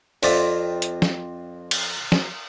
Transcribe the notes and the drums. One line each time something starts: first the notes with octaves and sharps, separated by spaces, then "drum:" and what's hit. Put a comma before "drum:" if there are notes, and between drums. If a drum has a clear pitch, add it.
F2 C4 F4 D5 E5, drum: open hi-hat
drum: hi-hat
drum: snare
drum: cymbal
drum: snare